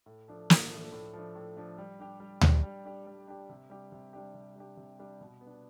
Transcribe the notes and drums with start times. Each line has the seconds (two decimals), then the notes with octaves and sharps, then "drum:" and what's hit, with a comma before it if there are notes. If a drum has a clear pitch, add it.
0.06 A2
0.28 F3 A3 D4
0.50 A2, drum: snare
0.71 F3 A3 D4
0.92 A2
1.13 F3 A3 D4
1.35 A2
1.57 F3 A3 D4
1.78 G3
2.00 D4 G4
2.20 G3
2.41 D4 G4, drum: tom D2
2.63 G3
2.85 D4 G4
3.07 G3
3.28 D4 G4
3.49 C3
3.70 G3 D4 G4
3.92 C3
4.13 G3 D4 G4
4.34 C3
4.55 G3 D4 G4
4.77 C3
4.99 G3 D4 G4
5.21 B2
5.41 B3
5.46 D4